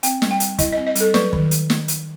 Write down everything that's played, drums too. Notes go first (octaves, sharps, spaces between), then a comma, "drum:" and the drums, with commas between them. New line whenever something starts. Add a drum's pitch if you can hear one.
C4 G5, drum: hi-hat
G3, drum: snare
G5
G3, drum: hi-hat
E4 D#5, drum: kick, hi-hat
D#5
C4
D#5
G3 A4, drum: hi-hat
F#3 B4, drum: snare
D#3, drum: kick
drum: hi-hat
drum: snare
drum: hi-hat